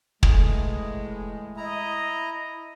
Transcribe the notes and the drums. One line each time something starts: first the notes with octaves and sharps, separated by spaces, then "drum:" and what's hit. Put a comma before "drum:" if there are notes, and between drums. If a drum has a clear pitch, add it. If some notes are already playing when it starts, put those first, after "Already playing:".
A2 E3 G#3, drum: kick
E4 D#5 A#5